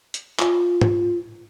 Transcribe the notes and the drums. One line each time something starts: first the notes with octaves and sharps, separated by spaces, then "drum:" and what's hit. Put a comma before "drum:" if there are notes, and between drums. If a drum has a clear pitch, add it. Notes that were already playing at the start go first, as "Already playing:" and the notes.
drum: hi-hat
F4, drum: clap
drum: tom